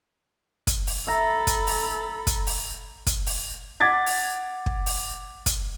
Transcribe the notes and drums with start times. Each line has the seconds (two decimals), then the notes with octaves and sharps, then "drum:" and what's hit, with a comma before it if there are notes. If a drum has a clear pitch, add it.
0.67 drum: kick, hi-hat
0.87 drum: open hi-hat
1.07 A4 E5 A#5 B5
1.47 drum: kick, hi-hat
1.67 drum: open hi-hat
2.27 drum: kick, hi-hat
2.47 drum: open hi-hat
3.07 drum: kick, hi-hat
3.26 drum: open hi-hat
3.80 F#5 D6 G#6 A6 B6
4.06 drum: open hi-hat
4.66 drum: kick
4.86 drum: open hi-hat
5.46 drum: kick, hi-hat